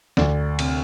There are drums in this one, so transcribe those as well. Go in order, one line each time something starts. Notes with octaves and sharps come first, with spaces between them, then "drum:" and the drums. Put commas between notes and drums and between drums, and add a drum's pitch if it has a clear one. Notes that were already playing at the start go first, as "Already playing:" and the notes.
D2 D5, drum: snare
C3, drum: cymbal